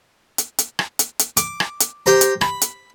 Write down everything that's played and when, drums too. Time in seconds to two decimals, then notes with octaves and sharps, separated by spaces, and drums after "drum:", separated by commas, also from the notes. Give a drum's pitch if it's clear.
0.38 drum: hi-hat
0.58 drum: hi-hat
0.79 drum: rim click
0.99 drum: hi-hat
1.19 drum: hi-hat
1.37 D6, drum: hi-hat
1.60 drum: rim click
1.80 drum: hi-hat
2.06 G4 C5 A#5
2.21 drum: hi-hat
2.41 B5, drum: rim click
2.61 drum: hi-hat